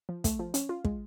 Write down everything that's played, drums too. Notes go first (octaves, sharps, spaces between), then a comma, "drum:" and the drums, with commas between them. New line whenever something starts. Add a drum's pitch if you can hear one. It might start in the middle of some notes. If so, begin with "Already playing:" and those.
F3
A3, drum: kick, hi-hat
F3
C#4, drum: hi-hat
F4
G#3, drum: kick